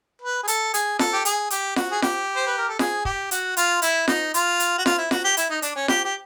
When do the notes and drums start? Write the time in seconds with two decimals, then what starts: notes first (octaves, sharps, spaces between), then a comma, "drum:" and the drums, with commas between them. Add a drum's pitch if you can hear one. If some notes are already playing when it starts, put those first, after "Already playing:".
0.22 B4
0.43 G#4
0.48 A4, drum: hi-hat
0.74 G#4, drum: hi-hat
0.99 A4, drum: snare F4
1.13 G4
1.25 G#4, drum: hi-hat
1.50 G4, drum: hi-hat
1.76 F#4, drum: snare F4
1.92 G#4
2.02 G4, drum: snare F4
2.36 C5
2.47 B4
2.58 A#4
2.68 A4
2.79 G#4, drum: snare F4
3.05 G4, drum: kick
3.31 F#4, drum: hi-hat
3.57 F4, drum: hi-hat
3.82 E4, drum: hi-hat
4.08 D#4, drum: snare F4
4.34 F4, drum: hi-hat
4.60 drum: hi-hat
4.78 F#4
4.86 F4, drum: snare F4
4.98 E4
5.11 F#4, drum: snare F4
5.24 G4
5.37 E4, drum: hi-hat
5.50 D#4
5.62 D4, drum: hi-hat
5.76 C#4
5.88 G4, drum: snare F4
6.05 G4